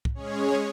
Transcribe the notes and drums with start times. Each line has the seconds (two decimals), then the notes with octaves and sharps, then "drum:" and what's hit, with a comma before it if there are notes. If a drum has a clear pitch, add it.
0.05 drum: kick C2
0.14 G#3 C#4 G#4 C#5